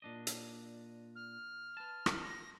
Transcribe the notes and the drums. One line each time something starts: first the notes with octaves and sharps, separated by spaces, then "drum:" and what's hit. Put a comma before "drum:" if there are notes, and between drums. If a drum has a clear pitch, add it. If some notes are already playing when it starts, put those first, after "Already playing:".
A#2 D4 D#5
drum: hi-hat
F6
B4 A5
drum: rim click
A#6